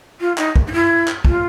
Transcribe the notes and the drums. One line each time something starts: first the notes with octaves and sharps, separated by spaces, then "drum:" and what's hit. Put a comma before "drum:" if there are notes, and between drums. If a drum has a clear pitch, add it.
F4
D#4, drum: clap
drum: kick
D#4
E4
drum: clap
F4, drum: kick